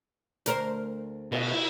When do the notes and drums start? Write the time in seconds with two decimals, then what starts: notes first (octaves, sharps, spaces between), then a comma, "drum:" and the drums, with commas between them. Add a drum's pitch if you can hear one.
0.46 D2 A#4 C5, drum: hi-hat
1.32 B2, drum: cymbal
1.53 E4